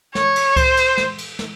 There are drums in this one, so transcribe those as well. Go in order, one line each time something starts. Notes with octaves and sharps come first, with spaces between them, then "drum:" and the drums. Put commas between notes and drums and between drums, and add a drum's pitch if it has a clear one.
C#5, drum: snare
drum: cymbal
C5, drum: kick C#2, cymbal
drum: cymbal
drum: snare
drum: cymbal
drum: snare